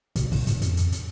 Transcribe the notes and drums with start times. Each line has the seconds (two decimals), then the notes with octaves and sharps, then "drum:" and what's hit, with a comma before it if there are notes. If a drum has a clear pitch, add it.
0.16 A#2, drum: kick, hi-hat
0.32 G#2, drum: kick, open hi-hat
0.47 G2, drum: hi-hat
0.62 F2, drum: hi-hat
0.77 drum: hi-hat
0.92 drum: hi-hat